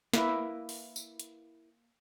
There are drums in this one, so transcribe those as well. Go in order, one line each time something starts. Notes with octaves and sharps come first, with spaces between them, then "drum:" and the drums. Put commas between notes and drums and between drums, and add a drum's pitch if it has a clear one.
A#3 E4 A#4 B4, drum: snare
drum: open hi-hat
drum: tambourine
drum: hi-hat